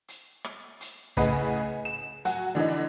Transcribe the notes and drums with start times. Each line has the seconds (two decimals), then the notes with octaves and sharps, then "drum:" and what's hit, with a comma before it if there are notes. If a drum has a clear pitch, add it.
0.08 drum: hi-hat
0.44 drum: rim click
0.81 drum: hi-hat
1.17 A2 C#3 G#4 B4 D#5 F#5, drum: kick, hi-hat
1.85 E7
2.25 F#3 F#4 F#5 G#5, drum: hi-hat
2.55 D3 E3 D4 D#4